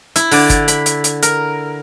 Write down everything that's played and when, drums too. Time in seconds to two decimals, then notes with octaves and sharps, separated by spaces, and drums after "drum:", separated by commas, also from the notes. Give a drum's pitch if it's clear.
0.16 E4, drum: hi-hat
0.31 D3 D5, drum: open hi-hat
0.50 drum: kick G1, hi-hat
0.68 B5, drum: hi-hat
0.86 drum: hi-hat
1.04 drum: hi-hat
1.23 A#4, drum: hi-hat